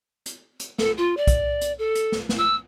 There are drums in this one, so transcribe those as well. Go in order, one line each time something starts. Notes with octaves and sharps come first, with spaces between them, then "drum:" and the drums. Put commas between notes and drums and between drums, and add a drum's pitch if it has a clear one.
drum: hi-hat
drum: hi-hat
A4, drum: snare
F4
D5
drum: kick, hi-hat
drum: hi-hat
A4
drum: hi-hat
drum: snare
drum: snare
E6